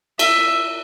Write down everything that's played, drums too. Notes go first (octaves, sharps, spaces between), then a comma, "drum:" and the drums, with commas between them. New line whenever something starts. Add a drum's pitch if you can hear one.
E5, drum: cymbal